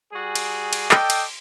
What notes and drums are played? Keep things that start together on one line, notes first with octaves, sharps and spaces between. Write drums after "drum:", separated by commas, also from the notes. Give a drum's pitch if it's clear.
G3 F#4 G#4
drum: cymbal
drum: cymbal
A4 D5 D#5 G5, drum: clap
drum: cymbal